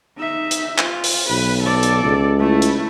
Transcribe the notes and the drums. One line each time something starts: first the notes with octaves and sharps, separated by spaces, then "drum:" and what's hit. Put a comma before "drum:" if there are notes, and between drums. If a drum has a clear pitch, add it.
D#4 E5
drum: hi-hat
F4, drum: clap
drum: open hi-hat
B1 B4
A4 D5
drum: hi-hat
C#2
A3 E4
drum: hi-hat